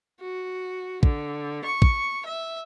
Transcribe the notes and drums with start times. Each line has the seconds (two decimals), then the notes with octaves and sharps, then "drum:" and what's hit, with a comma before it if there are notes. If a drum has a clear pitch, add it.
0.20 F#4
1.03 D3, drum: kick
1.64 C#6
1.82 drum: kick
2.27 E5